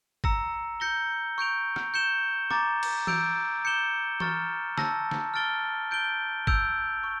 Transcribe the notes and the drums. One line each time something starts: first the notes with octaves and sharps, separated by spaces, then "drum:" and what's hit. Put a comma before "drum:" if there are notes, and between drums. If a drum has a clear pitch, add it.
A#5 E6 A#6 C#7, drum: kick
G6 A#6 C#7 G7
C#6 G6 D7 F7
drum: rim click
G6 C#7 E7 G7
A#5 D6 A6, drum: rim click
drum: cymbal
E6 G6 D7 F7, drum: tom E3
D6 G6 C#7 E7 G7
A#5 C#6 F6 A6, drum: tom E3
A5 E6 A#6, drum: snare
drum: snare
F6 A6 D7 G7
G6 D7 G7
E6 G6 D7 F7, drum: kick
C#6